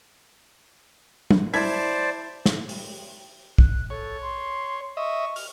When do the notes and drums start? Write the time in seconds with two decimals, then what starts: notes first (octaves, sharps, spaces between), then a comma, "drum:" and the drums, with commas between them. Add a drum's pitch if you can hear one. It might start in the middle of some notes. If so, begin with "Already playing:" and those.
1.31 drum: tom
1.54 E4 C5 D5 A5 G#6 B6, drum: open hi-hat
2.46 drum: snare
2.69 drum: open hi-hat
3.58 F#6, drum: kick A#1
3.90 A4 C#5
4.22 C6
4.97 D#5 E5 C#6
5.36 F6, drum: open hi-hat